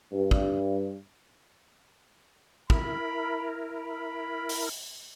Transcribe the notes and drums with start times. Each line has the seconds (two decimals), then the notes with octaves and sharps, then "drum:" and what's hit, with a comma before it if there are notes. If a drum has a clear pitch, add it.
0.12 G2
0.31 drum: kick
2.70 E4 A#4 B5, drum: kick
3.78 B5
4.49 drum: open hi-hat